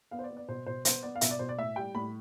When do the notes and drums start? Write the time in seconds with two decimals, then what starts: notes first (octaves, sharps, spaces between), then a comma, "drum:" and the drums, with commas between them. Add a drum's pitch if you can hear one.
0.11 B3 F5
0.19 C5
0.24 D5
0.30 B3
0.37 D5
0.48 B2 C5
0.66 B2 C5
0.85 B3 C5, drum: hi-hat
1.03 B3 D5
1.16 F5
1.21 B2 E5, drum: hi-hat
1.31 D5
1.39 B2 C5
1.49 D5
1.58 A2 E5
1.76 G3 G5
1.95 A2 B5